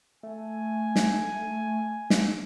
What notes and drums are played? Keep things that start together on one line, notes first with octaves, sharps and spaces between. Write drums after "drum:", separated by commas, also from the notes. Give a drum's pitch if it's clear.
A3 G#5
drum: snare
drum: snare